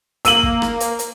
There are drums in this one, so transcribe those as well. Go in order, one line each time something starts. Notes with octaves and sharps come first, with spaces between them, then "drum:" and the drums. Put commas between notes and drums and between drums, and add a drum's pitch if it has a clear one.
A#3 E6 D#7 F#7, drum: hi-hat
drum: kick
drum: rim click
drum: hi-hat
drum: hi-hat